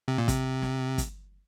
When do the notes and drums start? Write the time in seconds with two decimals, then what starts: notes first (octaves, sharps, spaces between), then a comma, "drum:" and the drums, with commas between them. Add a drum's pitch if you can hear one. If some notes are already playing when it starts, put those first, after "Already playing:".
0.08 C3
0.18 A#2
0.28 C3, drum: kick, hi-hat
0.62 drum: snare
0.98 drum: kick, hi-hat